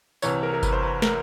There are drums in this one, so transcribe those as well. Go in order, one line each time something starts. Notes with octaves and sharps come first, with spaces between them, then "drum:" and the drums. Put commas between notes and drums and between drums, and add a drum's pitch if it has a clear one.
C2 C3 E3 C#5, drum: tambourine
A#4
A#4
B4, drum: kick G1, tambourine
C5
B4
A#4, drum: snare